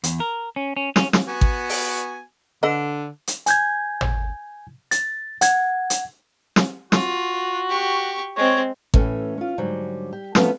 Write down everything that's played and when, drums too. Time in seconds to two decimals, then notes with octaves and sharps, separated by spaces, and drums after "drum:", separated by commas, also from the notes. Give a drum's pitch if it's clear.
0.04 E2, drum: hi-hat
0.20 A#4
0.56 C#4
0.77 C#4
0.96 C#4, drum: snare
1.13 drum: snare
1.28 B3 F#4 G#5
1.41 drum: kick G#1
1.69 drum: open hi-hat
2.63 D3 A4 B4 D#5
3.27 drum: hi-hat
3.46 G#5 G6 G#6, drum: hi-hat
4.01 drum: tom
4.91 A6, drum: hi-hat
5.41 F#5 G#6, drum: hi-hat
5.90 drum: hi-hat
6.56 drum: snare
6.92 F4 F#4, drum: snare
7.69 G4 C#6
8.37 G#3 C4 C#5
8.94 A2 E3 A3 C#4, drum: kick G#1
9.38 C#4 F4
9.58 G#2 D3 F#3 G3
10.13 G4
10.35 F3 F#3 A3 B3 C#4, drum: snare